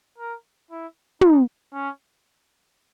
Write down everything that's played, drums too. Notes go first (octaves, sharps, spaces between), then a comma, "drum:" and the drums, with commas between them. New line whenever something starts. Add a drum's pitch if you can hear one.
A#4
E4
D#4, drum: tom
C#4